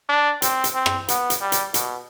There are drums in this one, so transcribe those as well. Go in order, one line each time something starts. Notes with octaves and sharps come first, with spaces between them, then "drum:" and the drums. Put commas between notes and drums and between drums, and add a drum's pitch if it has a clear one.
D4
C4, drum: hi-hat
drum: hi-hat
C4
drum: rim click
B3, drum: hi-hat
drum: hi-hat
G3
drum: hi-hat
B2, drum: hi-hat